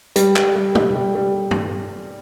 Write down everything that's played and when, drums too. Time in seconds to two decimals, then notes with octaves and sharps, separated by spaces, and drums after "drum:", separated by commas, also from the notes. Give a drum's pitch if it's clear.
0.16 G3, drum: hi-hat
0.36 G3, drum: clap
0.56 G3
0.75 G3, drum: tom
0.95 G3
1.15 G3
1.51 drum: tom